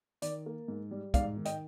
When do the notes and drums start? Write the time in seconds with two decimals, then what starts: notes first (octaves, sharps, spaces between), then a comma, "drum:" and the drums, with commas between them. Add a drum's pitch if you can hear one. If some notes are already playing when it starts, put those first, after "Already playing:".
0.22 D#3 D5, drum: hi-hat
0.46 A#3
0.68 G#2
0.91 G3
1.14 G#2 D5 F5, drum: kick, hi-hat
1.37 D#3
1.45 D#5 G5, drum: hi-hat